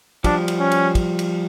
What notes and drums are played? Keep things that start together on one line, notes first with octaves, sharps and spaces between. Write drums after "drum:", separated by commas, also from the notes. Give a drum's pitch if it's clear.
F3 G3 D4, drum: kick, cymbal
drum: cymbal
C#4
drum: cymbal
drum: kick, cymbal
drum: cymbal